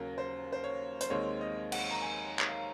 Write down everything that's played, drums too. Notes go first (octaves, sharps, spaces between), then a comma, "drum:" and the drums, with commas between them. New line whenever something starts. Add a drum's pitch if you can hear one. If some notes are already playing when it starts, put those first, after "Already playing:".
Already playing: D#2 C#3 F#3 A#4
C5
C5
C#5
C5, drum: hi-hat
D#2 D#3 G#3 C4 C#5
D#5
F#5, drum: cymbal
A#5
G#5
drum: clap
F5